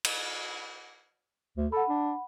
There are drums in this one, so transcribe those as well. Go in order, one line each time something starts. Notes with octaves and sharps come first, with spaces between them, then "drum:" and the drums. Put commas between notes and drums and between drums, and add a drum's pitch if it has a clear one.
drum: cymbal
D2
A4 F#5 B5
D4